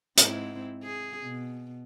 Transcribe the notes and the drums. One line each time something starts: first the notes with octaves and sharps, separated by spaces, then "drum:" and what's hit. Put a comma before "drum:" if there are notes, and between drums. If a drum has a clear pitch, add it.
G#2 C4 E4, drum: hi-hat
G#4
B2